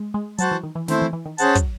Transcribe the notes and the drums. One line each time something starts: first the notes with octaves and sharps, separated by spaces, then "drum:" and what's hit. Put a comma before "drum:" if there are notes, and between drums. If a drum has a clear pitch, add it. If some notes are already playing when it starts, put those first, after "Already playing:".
Already playing: G#3
G#3
F#3 F#4 C5 F#5 A5, drum: hi-hat
E3
D#3
E3
D#3 A3 C4 E4 C5, drum: snare
E3
E3
D#3
C#4 G#4 C5 F#5 A5, drum: hi-hat
F#3, drum: kick, hi-hat